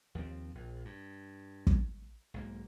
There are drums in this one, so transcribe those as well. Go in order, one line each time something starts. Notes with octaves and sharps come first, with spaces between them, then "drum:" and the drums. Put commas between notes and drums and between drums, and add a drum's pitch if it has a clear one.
D#2 F3 F#3 C4
A#1
G2
drum: kick
B1 G#2 A#3